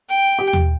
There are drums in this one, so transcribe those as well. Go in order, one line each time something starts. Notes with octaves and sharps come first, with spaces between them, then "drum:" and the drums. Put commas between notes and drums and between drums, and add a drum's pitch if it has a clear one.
G5
G4
drum: tom D#2